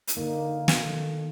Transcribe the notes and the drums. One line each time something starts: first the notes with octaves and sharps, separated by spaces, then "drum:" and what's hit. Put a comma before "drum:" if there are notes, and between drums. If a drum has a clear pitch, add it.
drum: hi-hat
D3 A#3 D#4
drum: snare
D#3 A4